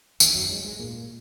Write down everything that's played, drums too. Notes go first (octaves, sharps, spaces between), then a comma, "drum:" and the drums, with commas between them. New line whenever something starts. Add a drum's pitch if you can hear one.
D#2 D#3, drum: tambourine
F#2 F#3
G#2 G#3
G#2 G#3
A#2 A#3